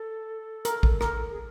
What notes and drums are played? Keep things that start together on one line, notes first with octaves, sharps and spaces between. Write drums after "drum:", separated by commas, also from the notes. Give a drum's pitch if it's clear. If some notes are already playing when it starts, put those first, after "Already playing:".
Already playing: A4
A#4, drum: hi-hat
drum: kick A1
A#4, drum: rim click
G#4